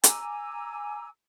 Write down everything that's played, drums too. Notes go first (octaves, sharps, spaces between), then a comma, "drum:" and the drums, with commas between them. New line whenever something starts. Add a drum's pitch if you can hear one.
G#5 A#5 D6 E6, drum: hi-hat